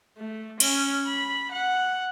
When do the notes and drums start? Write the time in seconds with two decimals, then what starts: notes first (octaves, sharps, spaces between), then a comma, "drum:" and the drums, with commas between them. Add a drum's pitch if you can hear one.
0.17 A3
0.60 C#4, drum: cymbal
1.07 B5
1.52 F#5